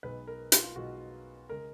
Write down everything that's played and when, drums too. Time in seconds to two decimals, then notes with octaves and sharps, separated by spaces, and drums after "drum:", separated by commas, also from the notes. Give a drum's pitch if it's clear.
0.03 B1 B2 G#3 B4
0.27 A#4
0.52 F4, drum: hi-hat
0.76 B1 B2 G#3 F#4
1.49 C#3 G#3 A#4